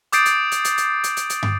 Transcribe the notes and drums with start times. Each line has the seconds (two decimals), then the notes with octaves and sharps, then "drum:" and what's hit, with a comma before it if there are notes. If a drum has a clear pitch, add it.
0.12 D6 D#6 G6 A6 C7 D7, drum: hi-hat
0.25 drum: hi-hat
0.52 drum: hi-hat
0.65 drum: hi-hat
0.78 drum: hi-hat
1.04 drum: hi-hat
1.17 drum: hi-hat
1.30 drum: hi-hat
1.43 drum: tom